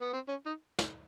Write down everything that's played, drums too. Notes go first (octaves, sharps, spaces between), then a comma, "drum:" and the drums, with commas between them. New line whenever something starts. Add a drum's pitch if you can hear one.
B3
C4
C#4
D#4
drum: snare